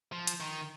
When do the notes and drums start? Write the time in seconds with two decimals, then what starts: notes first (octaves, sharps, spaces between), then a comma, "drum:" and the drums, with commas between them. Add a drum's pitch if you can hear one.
0.12 F3
0.27 drum: hi-hat
0.40 D#3